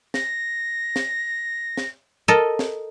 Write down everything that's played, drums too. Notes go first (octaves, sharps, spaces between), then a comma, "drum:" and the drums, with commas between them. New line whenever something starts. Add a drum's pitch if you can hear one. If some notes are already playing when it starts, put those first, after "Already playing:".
A#6, drum: snare
drum: snare
drum: snare
A4 A#4 D#5
drum: snare